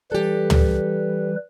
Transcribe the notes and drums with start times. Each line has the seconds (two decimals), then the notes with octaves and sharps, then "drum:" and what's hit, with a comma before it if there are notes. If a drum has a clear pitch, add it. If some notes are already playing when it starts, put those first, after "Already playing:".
0.12 E3 G3 G4 A4 B4
0.50 drum: tom